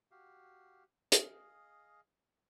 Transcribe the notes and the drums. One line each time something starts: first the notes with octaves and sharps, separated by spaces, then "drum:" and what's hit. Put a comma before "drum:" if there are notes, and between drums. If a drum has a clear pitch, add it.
F#4 G4 F5
G#4 D#5 F5, drum: hi-hat